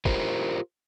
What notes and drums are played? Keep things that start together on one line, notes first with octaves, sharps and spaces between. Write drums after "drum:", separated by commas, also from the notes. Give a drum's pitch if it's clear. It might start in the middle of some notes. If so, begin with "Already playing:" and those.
F4 G4 A#4 C5, drum: kick